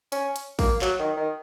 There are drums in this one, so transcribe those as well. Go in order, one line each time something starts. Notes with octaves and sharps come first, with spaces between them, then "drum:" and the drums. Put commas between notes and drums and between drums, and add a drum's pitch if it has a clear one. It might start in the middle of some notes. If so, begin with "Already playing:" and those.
C#4, drum: hi-hat
drum: hi-hat
A#3, drum: kick, open hi-hat
F#3, drum: clap
D#3
D#3